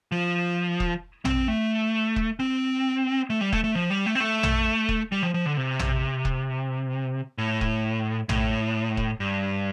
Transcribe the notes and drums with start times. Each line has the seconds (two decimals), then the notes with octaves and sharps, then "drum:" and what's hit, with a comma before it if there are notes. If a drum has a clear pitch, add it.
0.12 F3
0.80 drum: kick E1
1.25 C4, drum: tom
1.48 A3
2.16 drum: kick E1
2.39 C4
3.30 A3
3.41 G3
3.52 A3, drum: kick E1
3.64 A3
3.75 F3
3.90 G3
4.06 A3
4.15 C4
4.20 A3
4.43 drum: tom
4.89 drum: kick E1
5.12 G3
5.23 F3
5.34 F3
5.46 D3
5.57 C3
5.79 drum: tom
6.25 drum: kick E1
7.38 A2
7.61 drum: kick E1
8.29 A2, drum: tom
8.97 drum: kick E1
9.20 G2